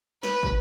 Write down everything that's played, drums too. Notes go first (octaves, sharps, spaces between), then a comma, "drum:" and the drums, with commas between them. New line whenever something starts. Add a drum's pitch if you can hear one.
B4, drum: snare
drum: kick